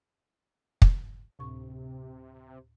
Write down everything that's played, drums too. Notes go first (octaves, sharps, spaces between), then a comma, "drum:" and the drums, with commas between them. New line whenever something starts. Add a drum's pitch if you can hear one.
drum: kick
D2 A2 C3 C#6